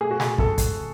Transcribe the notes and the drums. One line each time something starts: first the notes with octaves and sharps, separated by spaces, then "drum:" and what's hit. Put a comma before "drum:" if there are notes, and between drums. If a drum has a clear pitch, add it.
A3 G#4
F#4
G#4, drum: snare
C#3 A4, drum: kick
drum: kick, hi-hat